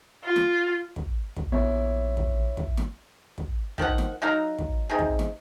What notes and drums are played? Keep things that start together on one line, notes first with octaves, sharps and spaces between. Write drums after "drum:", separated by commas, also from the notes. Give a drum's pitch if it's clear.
F4
drum: snare
drum: kick
drum: kick
A#1 B3 E4 C#5
drum: kick
drum: kick
drum: snare
drum: kick
D#3 F3 F#4 F#5, drum: kick
drum: snare
F#3 D#4 F5 A#5
drum: kick
C3 D#4 G#4
drum: kick
drum: snare